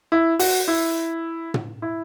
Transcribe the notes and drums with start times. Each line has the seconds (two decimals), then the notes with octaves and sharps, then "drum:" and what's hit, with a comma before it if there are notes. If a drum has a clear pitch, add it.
0.12 E4
0.39 F#4, drum: open hi-hat
0.68 E4
1.54 drum: tom
1.82 E4